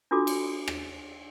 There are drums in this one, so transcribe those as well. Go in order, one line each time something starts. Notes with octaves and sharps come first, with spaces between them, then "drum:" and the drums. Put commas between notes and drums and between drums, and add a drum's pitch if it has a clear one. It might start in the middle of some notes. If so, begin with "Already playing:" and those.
D4 F4 F#4 A4 D6
drum: cymbal
drum: rim click